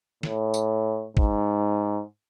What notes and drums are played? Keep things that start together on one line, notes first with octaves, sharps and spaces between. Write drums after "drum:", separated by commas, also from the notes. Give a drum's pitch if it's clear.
A2, drum: snare
drum: tambourine
G#2, drum: kick